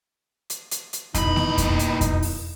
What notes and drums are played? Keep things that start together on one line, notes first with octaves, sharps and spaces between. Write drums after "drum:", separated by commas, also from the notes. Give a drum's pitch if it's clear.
drum: hi-hat
drum: hi-hat
drum: hi-hat
D#2 B2 D#4 E4 B5, drum: kick F2, hi-hat
drum: snare A3
drum: kick F2, hi-hat
drum: hi-hat
drum: kick F2, hi-hat
drum: open hi-hat